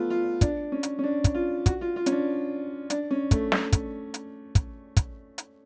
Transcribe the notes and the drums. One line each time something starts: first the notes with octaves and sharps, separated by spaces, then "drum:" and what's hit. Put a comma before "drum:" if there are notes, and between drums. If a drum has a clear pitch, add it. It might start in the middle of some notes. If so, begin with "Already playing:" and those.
Already playing: A3 B3 F4
F4
D4, drum: kick, hi-hat
C#4
drum: hi-hat
C#4
D4
drum: kick, hi-hat
F4
F#4, drum: kick, hi-hat
F4
F4
C#4, drum: hi-hat
D4
D4, drum: hi-hat
C#4
A3, drum: kick, hi-hat
drum: snare
drum: kick, hi-hat
drum: hi-hat
drum: kick, hi-hat
drum: kick, hi-hat
drum: hi-hat